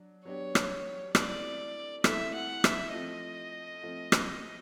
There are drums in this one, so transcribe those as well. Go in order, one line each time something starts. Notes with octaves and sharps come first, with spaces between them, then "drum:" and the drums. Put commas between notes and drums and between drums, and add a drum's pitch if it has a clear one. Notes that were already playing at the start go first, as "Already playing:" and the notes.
Already playing: F#3 D4
F#3 B3 D4 G4 C#5
drum: rim click
A3 C4 E4 A4 D5, drum: rim click
A3 C4 E4 A4 E5, drum: rim click
F#5
E5, drum: rim click
F3 A3 C4 D#5
F3 A3 C4
drum: rim click